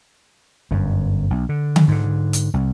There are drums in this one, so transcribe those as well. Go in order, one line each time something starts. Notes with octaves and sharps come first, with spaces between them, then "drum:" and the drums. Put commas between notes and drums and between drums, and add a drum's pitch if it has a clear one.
G1 F#2
B1
D3
drum: tom D3
G#2 D3
drum: hi-hat
C2